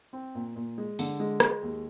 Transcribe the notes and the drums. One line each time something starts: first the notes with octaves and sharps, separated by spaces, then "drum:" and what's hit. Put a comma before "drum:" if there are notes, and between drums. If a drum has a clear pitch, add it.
C4
A#2
A#2
G#3
D3, drum: open hi-hat
G#3
G#3, drum: rim click
D#2